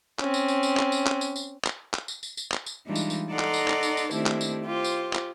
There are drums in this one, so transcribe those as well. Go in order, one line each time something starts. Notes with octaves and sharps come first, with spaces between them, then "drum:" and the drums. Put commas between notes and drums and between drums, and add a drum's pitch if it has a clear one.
C4 C#4, drum: clap
drum: tambourine
drum: tambourine
drum: tambourine
drum: clap
drum: tambourine
drum: clap
drum: tambourine
drum: tambourine
drum: clap
drum: clap
drum: tambourine
drum: tambourine
drum: tambourine
drum: clap
drum: tambourine
E3 G3 G#3 D4 D#4 F4
drum: tambourine
drum: tambourine
D#4 A4 D5 F#5 A#5 C6
drum: clap
drum: tambourine
drum: clap
drum: tambourine
drum: tambourine
D#3 A3 C4 D4 E4 G4, drum: tambourine
drum: clap
drum: tambourine
F4 G4 C5
drum: tambourine
drum: clap